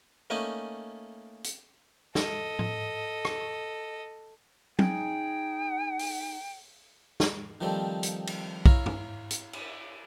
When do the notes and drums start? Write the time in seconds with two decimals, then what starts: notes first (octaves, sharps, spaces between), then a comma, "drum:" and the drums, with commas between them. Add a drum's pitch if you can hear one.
0.30 A3 A#3 C#4 D#4 G#5
1.44 drum: hi-hat
2.15 A4 D#5, drum: snare
2.59 drum: tom A2
3.25 drum: rim click
4.79 D#4 G#4 G5, drum: tom
5.99 drum: open hi-hat
7.20 drum: snare
7.61 D#3 F3 G3 A3 C4
8.03 drum: hi-hat
8.27 drum: cymbal
8.66 E4 C#5 F5 A#5, drum: kick
8.86 drum: tom G2
9.30 drum: hi-hat
9.53 drum: cymbal